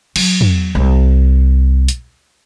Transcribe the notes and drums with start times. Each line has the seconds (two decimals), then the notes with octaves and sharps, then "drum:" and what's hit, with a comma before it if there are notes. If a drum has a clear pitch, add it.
0.16 F#3, drum: cymbal
0.41 drum: tom
0.75 C2
1.88 drum: hi-hat